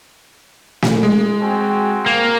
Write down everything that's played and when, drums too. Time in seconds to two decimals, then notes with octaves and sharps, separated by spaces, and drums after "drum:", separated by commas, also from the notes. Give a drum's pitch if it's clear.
0.82 drum: snare
1.03 G#3
1.43 C4 F#4 G#5
2.06 A#3